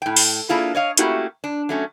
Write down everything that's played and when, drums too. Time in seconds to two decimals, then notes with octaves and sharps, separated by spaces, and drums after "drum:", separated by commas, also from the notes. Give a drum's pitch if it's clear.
0.02 A2 G5
0.17 drum: open hi-hat
0.49 A#3 D4 E4 F4 G#4 A4
0.75 C#5 D#5 F5
0.97 A3 A#3 C#4 E4 F#4 G4, drum: hi-hat
1.44 D4
1.69 F#3 A3 C#4